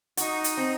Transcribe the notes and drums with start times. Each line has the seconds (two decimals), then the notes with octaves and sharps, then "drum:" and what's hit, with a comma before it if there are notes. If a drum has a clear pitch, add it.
0.17 D#4 F#4, drum: hi-hat
0.44 drum: hi-hat
0.57 C4